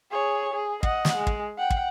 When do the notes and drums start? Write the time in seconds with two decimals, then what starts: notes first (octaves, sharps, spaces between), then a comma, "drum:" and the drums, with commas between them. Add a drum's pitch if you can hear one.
0.11 G#4 C#5
0.53 G#4
0.83 D#5 F#5, drum: kick
1.05 drum: snare
1.16 G#3
1.27 drum: kick
1.58 F#5 G5
1.70 drum: kick